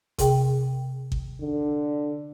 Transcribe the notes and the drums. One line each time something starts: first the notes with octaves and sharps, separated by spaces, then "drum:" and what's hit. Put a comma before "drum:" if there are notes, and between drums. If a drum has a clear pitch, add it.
C3 G#4 G5, drum: kick G#1, hi-hat
drum: kick G#1
D3